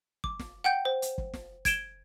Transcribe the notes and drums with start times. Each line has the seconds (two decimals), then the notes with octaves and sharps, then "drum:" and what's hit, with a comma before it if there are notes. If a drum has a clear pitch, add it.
0.24 D6, drum: kick F#1
0.39 drum: snare
0.64 F#5 G5 G6
0.85 C5
1.02 drum: hi-hat
1.18 drum: kick F#1
1.34 drum: snare
1.65 G#6 D7 E7 G7, drum: kick F#1, hi-hat